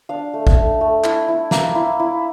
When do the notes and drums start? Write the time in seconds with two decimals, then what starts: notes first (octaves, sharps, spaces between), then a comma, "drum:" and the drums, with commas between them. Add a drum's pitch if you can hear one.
0.09 D4 F5
0.34 A3
0.47 drum: kick
0.57 A3
0.81 A3
1.04 E4, drum: clap
1.28 E4
1.51 A#3, drum: snare
1.75 E4
1.99 E4